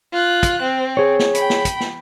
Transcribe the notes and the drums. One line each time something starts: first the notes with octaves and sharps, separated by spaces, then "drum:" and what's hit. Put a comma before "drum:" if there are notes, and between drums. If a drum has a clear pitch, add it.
F4 F#6
drum: kick, hi-hat
C4
G#4 C#5
drum: snare
G5 B5, drum: hi-hat
drum: snare
drum: kick, hi-hat
drum: snare